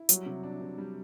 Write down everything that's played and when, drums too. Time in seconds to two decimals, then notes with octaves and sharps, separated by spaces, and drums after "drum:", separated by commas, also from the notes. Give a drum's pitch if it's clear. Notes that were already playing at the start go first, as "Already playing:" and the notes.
Already playing: E4
0.09 F#3 G3, drum: hi-hat
0.26 C3
0.43 D4
0.61 C3
0.78 G3